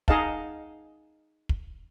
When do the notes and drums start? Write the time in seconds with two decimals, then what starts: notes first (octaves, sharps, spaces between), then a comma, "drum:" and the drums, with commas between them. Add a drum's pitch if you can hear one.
0.08 D#4 G#4 D#5 F5 F#5 A5, drum: kick
1.49 drum: kick